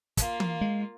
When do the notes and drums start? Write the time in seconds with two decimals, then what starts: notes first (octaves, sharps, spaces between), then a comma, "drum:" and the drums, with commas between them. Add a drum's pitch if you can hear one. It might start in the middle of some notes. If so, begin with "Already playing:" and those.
0.17 A#3 F4, drum: kick, hi-hat
0.40 drum: tom
0.61 G#3